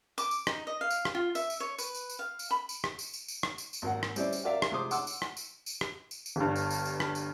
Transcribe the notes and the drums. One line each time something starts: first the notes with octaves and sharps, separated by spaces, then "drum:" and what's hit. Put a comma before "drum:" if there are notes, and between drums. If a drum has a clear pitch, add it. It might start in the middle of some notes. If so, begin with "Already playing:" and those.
D6, drum: tambourine
drum: tambourine
D#4, drum: rim click
D#5
F5
drum: tambourine
drum: rim click
F4
E5, drum: tambourine
drum: tambourine
C#5
B4, drum: tambourine
drum: tambourine
drum: tambourine
F5
drum: tambourine
B5
drum: tambourine
drum: rim click
drum: tambourine
drum: tambourine
drum: tambourine
drum: rim click
drum: tambourine
drum: tambourine
G#1 A#3 F#5
drum: rim click
G3 C4 C#4 E4 D5, drum: tambourine
drum: tambourine
F#4 A#4 D5 E5 F5
drum: rim click
C3 G#3 C5 C6 D6 D#6
F#5 C6 D6 E6, drum: tambourine
drum: tambourine
drum: rim click
drum: tambourine
drum: tambourine
drum: rim click
drum: tambourine
drum: tambourine
G1 G2
drum: tambourine
drum: tambourine
drum: tambourine
drum: rim click
drum: tambourine